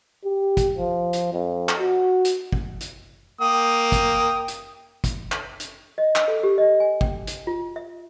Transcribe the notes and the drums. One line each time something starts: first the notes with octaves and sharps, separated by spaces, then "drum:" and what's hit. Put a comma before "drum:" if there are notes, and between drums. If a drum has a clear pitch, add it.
G4
drum: kick, hi-hat
F3
drum: hi-hat
F2
drum: clap
F#4
drum: hi-hat
drum: kick
drum: hi-hat
A#3 G5 D#6
drum: kick, hi-hat
drum: hi-hat
drum: kick, hi-hat
drum: clap
drum: hi-hat
D#5
drum: clap
A4
G4
D#5
G#5
G5, drum: kick
drum: hi-hat
F4
E5